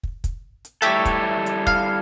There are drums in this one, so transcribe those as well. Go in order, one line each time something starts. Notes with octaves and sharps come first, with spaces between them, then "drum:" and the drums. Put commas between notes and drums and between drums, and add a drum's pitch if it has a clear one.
drum: kick
drum: kick, hi-hat
drum: hi-hat
G3 A3 E4 G4 A4 C#5
drum: kick, hi-hat
drum: hi-hat
F5, drum: kick